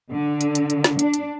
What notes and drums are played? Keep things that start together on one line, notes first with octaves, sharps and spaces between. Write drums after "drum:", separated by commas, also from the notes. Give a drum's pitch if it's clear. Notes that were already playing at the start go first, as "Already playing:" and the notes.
D3
drum: hi-hat
drum: hi-hat
drum: hi-hat
drum: snare
D4, drum: hi-hat
drum: hi-hat